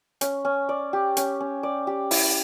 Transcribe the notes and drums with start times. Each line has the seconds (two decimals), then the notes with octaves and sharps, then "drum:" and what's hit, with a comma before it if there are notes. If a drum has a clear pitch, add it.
0.21 C#4, drum: hi-hat
0.45 C#4
0.69 D5
0.93 G4
1.17 C#4, drum: hi-hat
1.40 C#4
1.63 D5
1.87 G4
2.11 E4, drum: open hi-hat